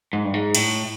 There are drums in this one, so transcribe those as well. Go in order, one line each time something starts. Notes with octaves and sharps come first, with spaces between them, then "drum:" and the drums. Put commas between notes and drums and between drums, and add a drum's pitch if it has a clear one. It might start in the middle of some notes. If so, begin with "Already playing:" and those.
G#2
G2
G#2
A2, drum: cymbal